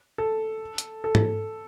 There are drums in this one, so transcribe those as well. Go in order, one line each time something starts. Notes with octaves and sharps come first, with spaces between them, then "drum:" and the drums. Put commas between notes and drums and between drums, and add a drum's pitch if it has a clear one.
A4
drum: hi-hat
A4
drum: tom G#2